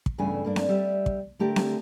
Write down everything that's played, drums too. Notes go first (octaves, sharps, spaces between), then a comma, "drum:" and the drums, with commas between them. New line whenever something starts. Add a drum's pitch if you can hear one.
drum: kick
E2 G2 C#3 A3 E4 G#5
G2 A#3 D4
drum: snare C4
G3 E5
drum: kick
D3 A3 G4 A#4
drum: snare C4